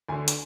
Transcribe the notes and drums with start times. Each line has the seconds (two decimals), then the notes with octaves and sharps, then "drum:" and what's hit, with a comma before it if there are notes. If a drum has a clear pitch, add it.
0.09 D2 D3 G#5
0.28 drum: hi-hat